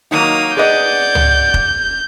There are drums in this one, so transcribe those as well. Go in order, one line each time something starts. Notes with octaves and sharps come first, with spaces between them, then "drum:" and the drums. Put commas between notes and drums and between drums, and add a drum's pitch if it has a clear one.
D#3 F#3 A#3 D#4 D#6
G#4 B4 D5 D#5 F#5 G6
drum: tom C#2
drum: kick